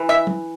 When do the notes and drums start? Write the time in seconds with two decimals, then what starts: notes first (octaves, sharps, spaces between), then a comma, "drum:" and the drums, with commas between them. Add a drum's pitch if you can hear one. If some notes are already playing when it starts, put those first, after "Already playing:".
Already playing: E3
0.09 E5
0.27 drum: tom